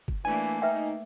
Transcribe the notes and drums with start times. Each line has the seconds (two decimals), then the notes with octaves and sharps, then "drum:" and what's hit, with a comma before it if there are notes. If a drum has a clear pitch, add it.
0.08 drum: kick G1
0.25 E3 A3 A#3 D4 G#5
0.62 D#4 B4 E5 G5